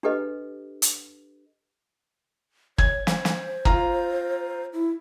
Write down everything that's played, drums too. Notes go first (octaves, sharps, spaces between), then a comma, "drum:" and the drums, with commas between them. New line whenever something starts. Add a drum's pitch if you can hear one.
D4 G4 A4 B4 D#5
drum: hi-hat
C#5 G#6, drum: kick
C5, drum: snare
drum: snare
F4 A#5, drum: kick
E4